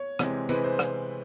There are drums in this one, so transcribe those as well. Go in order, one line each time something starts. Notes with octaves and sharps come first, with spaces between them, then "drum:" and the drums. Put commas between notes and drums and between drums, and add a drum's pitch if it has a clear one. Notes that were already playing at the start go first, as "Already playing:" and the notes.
Already playing: C#5
C3 E3 G#3 C4, drum: rim click
C3 E3 G#3 C4 B4, drum: tambourine
C5
drum: rim click